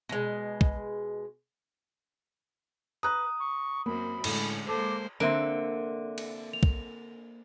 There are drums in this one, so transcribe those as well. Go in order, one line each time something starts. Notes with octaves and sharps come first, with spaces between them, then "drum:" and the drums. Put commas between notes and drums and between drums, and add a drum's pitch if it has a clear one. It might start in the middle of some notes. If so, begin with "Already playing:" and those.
B2 G#3
drum: kick
B4 A#5 D#6 F#6
C#6
F#2 A#3 C4 B5
A2 D3 G#3 C#4, drum: cymbal
G#3 A#3 A4 C5 D6
D3 A#3 C4 E5 D7
drum: cymbal
F7
drum: kick